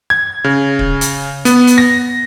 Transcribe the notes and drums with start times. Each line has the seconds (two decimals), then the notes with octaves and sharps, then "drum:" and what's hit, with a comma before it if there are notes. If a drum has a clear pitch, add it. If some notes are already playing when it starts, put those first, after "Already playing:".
0.10 G#6
0.44 C#3
0.79 drum: kick C#1
1.01 drum: hi-hat
1.45 B3, drum: hi-hat
1.67 drum: hi-hat
1.78 A#6